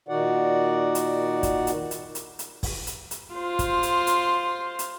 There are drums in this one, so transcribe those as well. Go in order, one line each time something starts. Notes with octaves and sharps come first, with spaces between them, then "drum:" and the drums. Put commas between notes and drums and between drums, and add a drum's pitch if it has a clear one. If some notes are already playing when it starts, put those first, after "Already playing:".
A#2 D#3 D#4 F#4 D5 F#5
drum: hi-hat
drum: kick, hi-hat
drum: hi-hat
drum: hi-hat
drum: hi-hat
drum: hi-hat
drum: kick, open hi-hat
drum: hi-hat
drum: hi-hat
F4 C5
drum: kick, hi-hat
drum: hi-hat
drum: hi-hat
drum: hi-hat